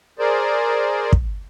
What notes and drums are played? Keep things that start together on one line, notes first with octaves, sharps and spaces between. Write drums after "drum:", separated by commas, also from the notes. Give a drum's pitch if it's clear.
G#4 A#4 C5 D5
drum: kick